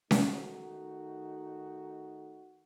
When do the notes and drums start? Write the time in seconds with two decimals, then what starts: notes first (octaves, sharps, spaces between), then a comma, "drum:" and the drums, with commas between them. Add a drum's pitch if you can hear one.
0.11 D#3 A3 D#4 F#4, drum: snare C#4